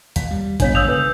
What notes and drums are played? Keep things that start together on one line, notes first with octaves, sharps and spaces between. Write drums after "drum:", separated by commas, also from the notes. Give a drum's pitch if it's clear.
D#2 F5, drum: hi-hat
G3
G1 B3 D4 C#5 F5, drum: kick G#1, hi-hat
C#2 D3 D#6 E6 G6 F7
B4